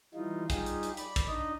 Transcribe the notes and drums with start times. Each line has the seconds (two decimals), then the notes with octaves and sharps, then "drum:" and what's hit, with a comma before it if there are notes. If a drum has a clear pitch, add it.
0.14 E3 G3 D#4 F4
0.50 G3 D#4 F4 G4 G#4, drum: kick, hi-hat
0.66 drum: hi-hat
0.83 drum: hi-hat
0.97 D5 B5, drum: hi-hat
1.16 drum: kick, hi-hat
1.28 D4 D#4 D#5